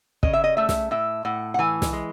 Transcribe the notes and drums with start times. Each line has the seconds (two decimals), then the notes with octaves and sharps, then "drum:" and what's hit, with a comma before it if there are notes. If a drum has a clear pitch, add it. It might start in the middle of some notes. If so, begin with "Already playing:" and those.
0.23 C#3 D#5, drum: kick
0.33 E5
0.44 D#5
0.57 A3 E5
0.69 drum: snare
0.91 A2 E5
1.25 A2 F#5
1.54 F#5
1.59 E3 G#5
1.82 drum: snare
1.93 G#3